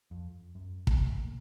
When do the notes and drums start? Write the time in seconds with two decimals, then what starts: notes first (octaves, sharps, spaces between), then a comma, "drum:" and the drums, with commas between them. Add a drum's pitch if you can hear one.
0.11 F2
0.55 F#2
0.87 A2, drum: kick
1.21 A#2